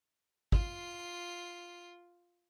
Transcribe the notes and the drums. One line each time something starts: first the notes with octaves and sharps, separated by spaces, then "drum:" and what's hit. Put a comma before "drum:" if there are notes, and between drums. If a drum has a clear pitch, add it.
F4 C7, drum: kick